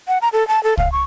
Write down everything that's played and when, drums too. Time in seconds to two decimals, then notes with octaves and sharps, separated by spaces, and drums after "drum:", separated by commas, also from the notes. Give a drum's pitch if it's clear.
0.08 F#5
0.22 A#5
0.33 A4
0.48 A5
0.64 A4
0.77 F5, drum: kick C2
0.92 C#6